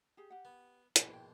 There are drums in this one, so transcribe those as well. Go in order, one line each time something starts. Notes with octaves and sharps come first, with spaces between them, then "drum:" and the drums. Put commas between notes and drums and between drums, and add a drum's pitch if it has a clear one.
G4 G#4
G4 F#5
B3
A#1 G#2 B2 C5 G5 G#5, drum: hi-hat
E4 G5